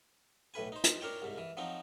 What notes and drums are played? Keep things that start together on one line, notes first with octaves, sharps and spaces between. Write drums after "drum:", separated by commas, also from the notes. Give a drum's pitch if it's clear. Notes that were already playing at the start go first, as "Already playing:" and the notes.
B1 A2 B4 G#5
D#4 C5
drum: hi-hat
D4 A#4 C#5 G5
C2 G#2
E3
F3 F#3 C4 D#4